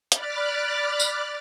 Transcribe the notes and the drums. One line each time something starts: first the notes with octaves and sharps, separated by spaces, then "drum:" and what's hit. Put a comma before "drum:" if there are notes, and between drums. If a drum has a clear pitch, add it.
D5 B5 D6 F6 F#6 A6, drum: hi-hat
drum: tambourine